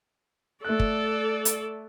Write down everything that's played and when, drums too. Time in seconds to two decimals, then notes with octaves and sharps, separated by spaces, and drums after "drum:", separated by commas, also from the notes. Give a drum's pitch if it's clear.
0.65 A3 A4 D5 F#6
0.80 drum: kick
1.45 drum: hi-hat